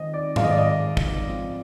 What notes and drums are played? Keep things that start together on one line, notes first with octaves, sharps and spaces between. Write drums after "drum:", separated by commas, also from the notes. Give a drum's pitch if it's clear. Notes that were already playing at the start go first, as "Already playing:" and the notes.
Already playing: D#3 G#3 C4 D#4 D#5
D5
D#3 G#3 C4 D#4 F5, drum: tom G#2
D#5
D5
D#5
drum: kick
G#2 F3 C4 F4